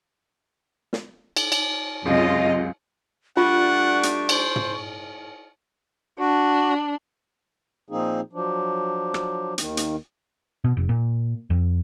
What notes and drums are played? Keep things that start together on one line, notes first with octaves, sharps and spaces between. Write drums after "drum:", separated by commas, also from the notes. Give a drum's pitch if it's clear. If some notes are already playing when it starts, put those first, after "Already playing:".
drum: snare
drum: cymbal
drum: cymbal
C#2 F#2 C3 F4 D#5
G3 A3 D4 F4 F#5 C#6
drum: hi-hat
C5, drum: cymbal
drum: tom
D4 F#4
A#2 F3 A#3 C4 D#4 G#4
F3 F#3 D4
drum: rim click
D#2 D#3, drum: hi-hat
drum: hi-hat
B2
F1
A#2
F2